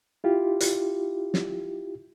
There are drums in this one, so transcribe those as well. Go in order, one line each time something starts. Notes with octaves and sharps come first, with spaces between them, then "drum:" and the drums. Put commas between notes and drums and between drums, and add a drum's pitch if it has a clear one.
E4 F4 G4
drum: hi-hat
drum: snare